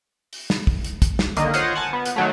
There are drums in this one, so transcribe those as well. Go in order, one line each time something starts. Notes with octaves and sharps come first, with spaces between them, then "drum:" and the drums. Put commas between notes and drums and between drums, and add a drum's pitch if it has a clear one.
drum: open hi-hat
drum: snare
drum: kick
drum: hi-hat
drum: kick, hi-hat
drum: snare
D3 D#3 A#3 D#5, drum: hi-hat
F4 C5 C#5 D#5 F#5, drum: hi-hat
F#5 G#5 A5
B3
drum: hi-hat
D#3 F#3 A3